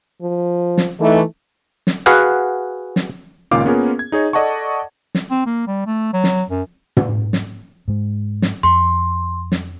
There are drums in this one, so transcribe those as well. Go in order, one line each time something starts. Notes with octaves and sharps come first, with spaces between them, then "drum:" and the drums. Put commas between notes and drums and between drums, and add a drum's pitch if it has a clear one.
F3
drum: snare
E3 A3 D#4
drum: snare
F#4 G#4 B4 F5 F#5
drum: snare
C#2 A#2 D#3 C#4 F5 D6
A#3 B3 C#4 F4 G#4 A#4
G#6
D#4 G#4 C#5 D#5
A4 D5 D#5 F#5 A5 C#6
drum: snare
C4
A#3
G3
A3
F#3
drum: snare
F#2
drum: tom
drum: snare
G#2 G#3
drum: snare
F2 C6
drum: snare